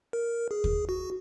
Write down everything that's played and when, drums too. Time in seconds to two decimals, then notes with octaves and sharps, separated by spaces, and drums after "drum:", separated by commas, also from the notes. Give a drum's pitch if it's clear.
0.13 A#4
0.51 G#4
0.64 drum: kick
0.89 F#4